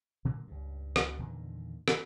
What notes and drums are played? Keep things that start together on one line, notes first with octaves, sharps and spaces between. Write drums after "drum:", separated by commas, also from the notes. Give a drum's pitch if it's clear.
A#2 D3 F#3 A#3
C#2 G2
drum: rim click
E2 A#2 D3 D#3
drum: rim click